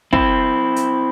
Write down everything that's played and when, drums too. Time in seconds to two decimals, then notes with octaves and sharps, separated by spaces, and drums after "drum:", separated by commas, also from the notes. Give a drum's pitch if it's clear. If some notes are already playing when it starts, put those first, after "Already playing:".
0.13 C4 E4, drum: kick
0.76 drum: hi-hat